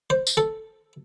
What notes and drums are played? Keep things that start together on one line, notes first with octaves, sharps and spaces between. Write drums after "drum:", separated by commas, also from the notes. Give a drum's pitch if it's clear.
C5
drum: tambourine
A4